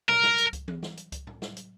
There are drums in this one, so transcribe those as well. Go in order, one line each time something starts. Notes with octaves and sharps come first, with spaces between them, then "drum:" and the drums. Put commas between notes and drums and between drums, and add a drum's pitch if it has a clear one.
A#4, drum: tom
drum: snare
drum: hi-hat
drum: kick C#2, hi-hat
drum: tom E3
drum: snare
drum: hi-hat
drum: kick C#2, hi-hat
drum: tom A2
drum: snare
drum: hi-hat